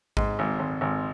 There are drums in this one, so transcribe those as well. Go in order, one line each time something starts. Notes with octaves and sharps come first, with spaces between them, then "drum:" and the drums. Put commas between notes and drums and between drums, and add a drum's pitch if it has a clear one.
G#2, drum: kick
G#1
G#1
G#1